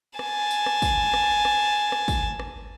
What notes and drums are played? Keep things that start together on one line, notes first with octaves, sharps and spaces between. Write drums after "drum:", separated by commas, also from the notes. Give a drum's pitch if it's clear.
G#5 A5, drum: rim click
drum: tambourine
drum: rim click
drum: kick, tambourine
drum: rim click
drum: rim click
drum: rim click
drum: kick, tambourine
drum: rim click